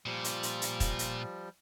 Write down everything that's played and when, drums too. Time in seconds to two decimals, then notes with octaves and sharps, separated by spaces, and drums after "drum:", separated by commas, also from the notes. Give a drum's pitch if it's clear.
0.06 A#2 F3 G3
0.24 drum: hi-hat
0.43 drum: hi-hat
0.62 drum: hi-hat
0.80 drum: kick, hi-hat
0.99 drum: hi-hat